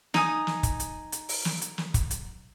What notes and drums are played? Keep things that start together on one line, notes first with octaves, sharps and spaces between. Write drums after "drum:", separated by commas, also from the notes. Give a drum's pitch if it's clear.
D#4 G#5 D#6, drum: snare
drum: snare
drum: kick, hi-hat
drum: hi-hat
drum: hi-hat
drum: open hi-hat
drum: snare
drum: hi-hat
drum: snare
drum: kick, hi-hat
drum: hi-hat